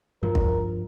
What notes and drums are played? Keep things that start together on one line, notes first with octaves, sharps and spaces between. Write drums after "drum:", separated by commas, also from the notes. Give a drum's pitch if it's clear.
G2 F3 A#4
drum: kick